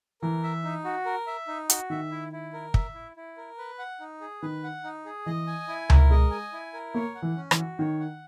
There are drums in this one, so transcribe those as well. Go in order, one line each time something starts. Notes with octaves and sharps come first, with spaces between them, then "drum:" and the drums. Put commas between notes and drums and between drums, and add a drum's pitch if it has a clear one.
E3 A#4
E5
D#4
F#4
A#4
E5
D#4
F#4, drum: hi-hat
D#3 E5
E4
E4
A#4
E5, drum: kick
E4
E4
A#4
B4
F#5
D#4
G#4
D#3 B4
F#5
D#4
G#4
E3 D#5
G#5
E4
A#4, drum: tom C#2
G#3 D#5
G#5
E4
A#4
A#3 C#5
F#5
E3
C#4
E3, drum: rim click
F#4
D#3 C#5
F#5